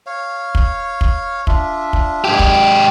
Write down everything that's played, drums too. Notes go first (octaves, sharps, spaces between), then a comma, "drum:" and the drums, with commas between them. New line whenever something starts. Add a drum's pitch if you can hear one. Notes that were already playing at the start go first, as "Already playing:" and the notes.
C#5 F5
drum: kick
drum: kick
D4 F4 E5, drum: kick
drum: kick
G#2 G4
drum: kick